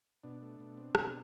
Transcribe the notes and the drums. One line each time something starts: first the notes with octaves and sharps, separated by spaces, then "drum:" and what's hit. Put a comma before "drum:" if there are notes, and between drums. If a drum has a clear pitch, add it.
B2 D4
A3
B2
C4
B2, drum: rim click